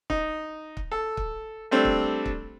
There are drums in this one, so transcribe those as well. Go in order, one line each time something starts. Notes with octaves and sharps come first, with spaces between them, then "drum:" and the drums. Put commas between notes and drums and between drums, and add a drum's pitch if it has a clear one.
D#4, drum: kick
drum: kick
A4
drum: kick
G3 A3 C4 D4
drum: kick
drum: kick